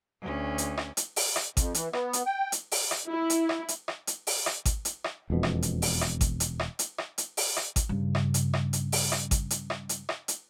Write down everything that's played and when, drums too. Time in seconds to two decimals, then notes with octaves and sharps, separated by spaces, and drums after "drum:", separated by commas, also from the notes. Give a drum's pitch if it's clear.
0.22 D2 C#4
0.58 drum: hi-hat
0.77 drum: rim click
0.97 drum: hi-hat
1.16 drum: open hi-hat
1.36 drum: rim click
1.57 F2, drum: kick G#1, hi-hat
1.74 E3, drum: hi-hat
1.93 B3, drum: rim click
2.13 drum: hi-hat
2.26 G5
2.52 drum: hi-hat
2.71 drum: open hi-hat
2.91 drum: rim click
3.07 E4
3.30 drum: hi-hat
3.49 drum: rim click
3.68 drum: hi-hat
3.88 drum: rim click
4.07 drum: hi-hat
4.27 drum: open hi-hat
4.46 drum: rim click
4.65 drum: kick G#1, hi-hat
4.85 drum: hi-hat
5.04 drum: rim click
5.30 E1 F2 B2
5.43 drum: rim click
5.62 drum: hi-hat
5.82 drum: open hi-hat
6.01 drum: rim click
6.21 drum: kick G#1, hi-hat
6.40 drum: hi-hat
6.59 drum: rim click
6.79 drum: hi-hat
6.98 drum: rim click
7.18 drum: hi-hat
7.37 drum: open hi-hat
7.56 drum: rim click
7.76 drum: kick G#1, hi-hat
7.89 G2 C#3
8.15 drum: rim click
8.34 drum: hi-hat
8.53 drum: rim click
8.73 drum: hi-hat
8.92 drum: open hi-hat
9.12 drum: rim click
9.31 drum: kick G#1, hi-hat
9.50 drum: hi-hat
9.70 drum: rim click
9.89 drum: hi-hat
10.09 drum: rim click
10.28 drum: hi-hat